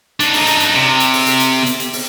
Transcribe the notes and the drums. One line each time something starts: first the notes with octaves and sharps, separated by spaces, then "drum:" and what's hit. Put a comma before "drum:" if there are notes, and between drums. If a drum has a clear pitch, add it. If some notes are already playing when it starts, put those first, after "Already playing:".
D4 D#4, drum: hi-hat
drum: open hi-hat
drum: hi-hat
drum: hi-hat
C3
drum: hi-hat
drum: open hi-hat
drum: hi-hat
drum: hi-hat
drum: hi-hat
drum: hi-hat
drum: open hi-hat